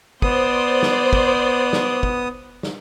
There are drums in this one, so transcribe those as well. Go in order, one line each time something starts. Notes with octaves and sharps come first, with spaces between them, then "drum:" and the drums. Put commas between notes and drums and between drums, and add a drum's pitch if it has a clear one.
B3 C5 D5 D#6, drum: kick
drum: snare
drum: kick
drum: snare
drum: kick
drum: snare